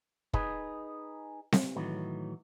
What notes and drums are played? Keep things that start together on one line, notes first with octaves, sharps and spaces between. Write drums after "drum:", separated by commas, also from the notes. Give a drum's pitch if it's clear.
D#4 G#4 B4, drum: kick
drum: snare C4
A2 D#3 E3 F#3